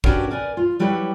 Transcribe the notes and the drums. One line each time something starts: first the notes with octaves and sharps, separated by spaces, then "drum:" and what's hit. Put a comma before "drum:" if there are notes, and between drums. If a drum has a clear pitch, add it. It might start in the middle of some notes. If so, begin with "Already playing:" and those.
C#4 D4 F#4 G4 A#4 B4, drum: kick
A#4 B4 D5 G#5
F4
F#3 G3 E4 G4 B4 C#5